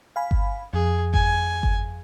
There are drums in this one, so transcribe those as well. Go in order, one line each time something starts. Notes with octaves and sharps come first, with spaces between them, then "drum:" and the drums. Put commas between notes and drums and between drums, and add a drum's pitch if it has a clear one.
F5 G#5 B5
drum: kick G1
F2 G#4
G#5, drum: kick G1
drum: kick G1